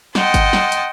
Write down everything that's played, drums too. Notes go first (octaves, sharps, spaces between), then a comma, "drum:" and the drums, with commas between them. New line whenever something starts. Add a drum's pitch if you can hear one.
D#5 F#5 G5 A5 C6, drum: snare
drum: kick G1, hi-hat
drum: snare
drum: hi-hat